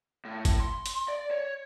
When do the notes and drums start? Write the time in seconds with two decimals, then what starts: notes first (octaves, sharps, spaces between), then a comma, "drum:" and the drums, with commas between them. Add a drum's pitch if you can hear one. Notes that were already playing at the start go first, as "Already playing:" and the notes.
0.25 A2
0.45 drum: kick, hi-hat
0.59 C6
0.86 drum: hi-hat
1.08 D5
1.31 C#5